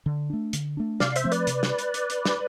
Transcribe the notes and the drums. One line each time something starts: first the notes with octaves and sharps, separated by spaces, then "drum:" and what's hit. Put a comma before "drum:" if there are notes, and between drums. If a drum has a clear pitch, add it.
D3
A3 D4
D3, drum: hi-hat
A3 D4
C3 D5 F5, drum: snare
C5 E5, drum: hi-hat
F3 A3 C4
B4 D5, drum: hi-hat
C3, drum: hi-hat
drum: snare
drum: hi-hat
drum: hi-hat
drum: hi-hat
drum: snare